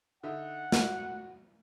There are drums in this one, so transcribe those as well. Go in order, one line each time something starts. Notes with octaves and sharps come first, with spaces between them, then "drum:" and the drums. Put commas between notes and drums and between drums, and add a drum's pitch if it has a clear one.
D3 D#4 E5 F#5
F#4, drum: snare